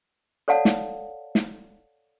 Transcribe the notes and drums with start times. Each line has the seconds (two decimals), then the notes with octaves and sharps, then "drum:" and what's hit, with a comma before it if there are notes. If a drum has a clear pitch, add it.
0.48 A4 C#5 D5 F5 F#5 A5
0.65 drum: snare
1.35 drum: snare